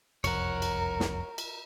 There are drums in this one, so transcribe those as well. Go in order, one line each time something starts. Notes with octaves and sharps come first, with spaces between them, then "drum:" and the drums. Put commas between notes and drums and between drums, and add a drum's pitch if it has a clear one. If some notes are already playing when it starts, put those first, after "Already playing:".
F#1 C2 F2 A#4 C#5 F#5, drum: cymbal
drum: cymbal
drum: snare
drum: cymbal